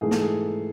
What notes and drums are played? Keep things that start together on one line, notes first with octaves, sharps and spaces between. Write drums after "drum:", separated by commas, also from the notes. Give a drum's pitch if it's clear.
G#2 E3 A3 G#4
A4, drum: snare
G#4